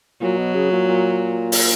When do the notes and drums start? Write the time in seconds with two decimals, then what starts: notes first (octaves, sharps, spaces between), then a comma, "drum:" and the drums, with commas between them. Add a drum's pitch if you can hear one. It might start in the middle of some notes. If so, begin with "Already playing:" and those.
0.22 A#2 F#3
0.38 B2
0.55 C#3
0.72 A#2
0.88 A#2
1.52 drum: open hi-hat